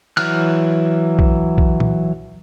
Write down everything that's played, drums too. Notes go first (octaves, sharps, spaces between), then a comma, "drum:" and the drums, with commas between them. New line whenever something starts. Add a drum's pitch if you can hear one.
E3 F#3 F6 F#6, drum: cymbal
drum: kick B1
drum: kick B1
drum: tom A#2